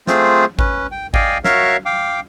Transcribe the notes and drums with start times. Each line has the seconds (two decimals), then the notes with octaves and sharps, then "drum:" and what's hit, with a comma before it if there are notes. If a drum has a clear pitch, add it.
0.07 A3 C4 F4 G#4 C5, drum: snare
0.59 C#4 B4, drum: kick G#1
0.91 G5
1.14 D5 D#5 F5 G5 G#5, drum: kick G#1
1.44 F#4 A#4 C#5 E5 F5, drum: snare
1.86 F5 G5 D6